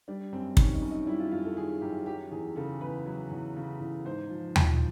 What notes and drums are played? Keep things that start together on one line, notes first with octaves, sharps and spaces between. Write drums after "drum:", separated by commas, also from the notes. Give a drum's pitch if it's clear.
G3 D4
F#2 C4
D#3 C#4, drum: kick
D#4
F#2
D#4
G3 E4
F4
F#2 F4
A4
D#3 G#4
F#2 G4
F#3 G4
E2 G#4
C#3 A4
E2 B4
F#3
E2
C#3
E2
G#2 C5
F3
F3, drum: tom D#2